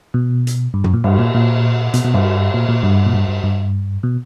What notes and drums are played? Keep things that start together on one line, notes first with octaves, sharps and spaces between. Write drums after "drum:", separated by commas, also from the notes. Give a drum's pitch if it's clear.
B2
drum: hi-hat
G2
F#2, drum: tom
A#2
G2, drum: cymbal
A#2
A#2
B2, drum: hi-hat
B2
G2, drum: cymbal
A#2
A#2
G2
A#2
G2
G2
G2
B2